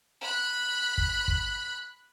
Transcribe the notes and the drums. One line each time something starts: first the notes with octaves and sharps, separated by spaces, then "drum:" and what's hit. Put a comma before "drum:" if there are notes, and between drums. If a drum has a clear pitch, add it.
B5 F#6
drum: kick
drum: kick